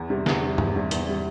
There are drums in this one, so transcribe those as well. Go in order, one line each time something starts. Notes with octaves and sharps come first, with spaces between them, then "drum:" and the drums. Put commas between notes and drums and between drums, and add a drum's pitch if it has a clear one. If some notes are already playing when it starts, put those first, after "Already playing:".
Already playing: E2
C3 G3
E2, drum: snare
C3 G3
E2, drum: tom
C3 G3
E2, drum: hi-hat
C3 G3